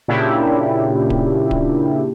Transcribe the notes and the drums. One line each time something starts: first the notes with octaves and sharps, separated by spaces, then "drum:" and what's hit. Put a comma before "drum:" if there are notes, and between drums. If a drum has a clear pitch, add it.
A#2 C#3 D4 E4 G4
drum: kick D1
drum: kick D1